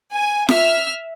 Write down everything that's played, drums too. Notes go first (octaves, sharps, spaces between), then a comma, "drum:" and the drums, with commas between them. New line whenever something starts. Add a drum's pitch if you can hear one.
G#5
E5 F6, drum: snare